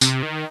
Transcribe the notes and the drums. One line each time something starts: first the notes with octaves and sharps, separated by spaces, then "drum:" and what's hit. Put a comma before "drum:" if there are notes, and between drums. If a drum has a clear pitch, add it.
C3, drum: tambourine
D#3